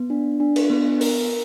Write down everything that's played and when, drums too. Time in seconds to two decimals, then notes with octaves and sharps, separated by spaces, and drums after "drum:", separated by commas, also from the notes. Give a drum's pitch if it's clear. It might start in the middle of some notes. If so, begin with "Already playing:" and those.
Already playing: B3
0.10 D4
0.40 D4
0.56 drum: cymbal
0.70 B3
1.01 A#4, drum: open hi-hat